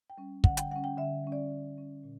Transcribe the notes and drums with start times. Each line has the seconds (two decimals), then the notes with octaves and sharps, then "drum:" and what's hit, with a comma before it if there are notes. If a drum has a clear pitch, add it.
0.10 G5
0.18 G3 C#4
0.44 D3 F#5, drum: kick
0.57 G5, drum: hi-hat
0.71 G3 C#4 F#5
0.84 G5
0.97 D3 E5
1.24 G3 C#4
1.32 D5
1.51 D3
1.77 G3 C#4
2.04 A#2